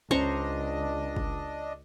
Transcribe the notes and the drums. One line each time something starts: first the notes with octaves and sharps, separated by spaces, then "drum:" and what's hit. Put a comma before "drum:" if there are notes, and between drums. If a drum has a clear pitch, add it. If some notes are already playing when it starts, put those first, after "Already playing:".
C#2 C#4 D4 C5 D#5 A#5 C#6
drum: kick